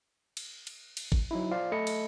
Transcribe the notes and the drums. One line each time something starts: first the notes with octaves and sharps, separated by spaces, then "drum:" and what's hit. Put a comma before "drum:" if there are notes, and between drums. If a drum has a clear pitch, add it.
drum: cymbal
drum: cymbal
drum: cymbal
drum: kick G#1
F#3 D#4 E4
F4 C5 D5 F5
A3 A4 D#5 B5 C#7
drum: cymbal